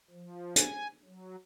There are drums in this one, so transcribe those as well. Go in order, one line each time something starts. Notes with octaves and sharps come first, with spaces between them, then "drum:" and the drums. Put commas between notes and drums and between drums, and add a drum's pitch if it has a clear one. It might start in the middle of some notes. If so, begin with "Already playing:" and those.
F3
G#5, drum: hi-hat
F#3